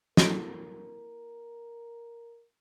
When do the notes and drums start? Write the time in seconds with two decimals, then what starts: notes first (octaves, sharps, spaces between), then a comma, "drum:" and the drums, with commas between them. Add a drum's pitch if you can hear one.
0.17 A#3 E4 A4 A#4 D#5 D7, drum: snare